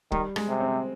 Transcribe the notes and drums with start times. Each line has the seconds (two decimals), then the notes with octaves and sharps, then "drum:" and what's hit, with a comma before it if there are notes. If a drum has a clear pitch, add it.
0.12 D#3 G3, drum: kick
0.36 G#3, drum: rim click
0.48 C3
0.60 C4